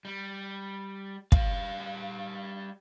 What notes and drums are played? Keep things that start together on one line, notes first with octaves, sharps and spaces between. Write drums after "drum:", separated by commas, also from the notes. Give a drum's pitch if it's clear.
G3
G3 F5, drum: kick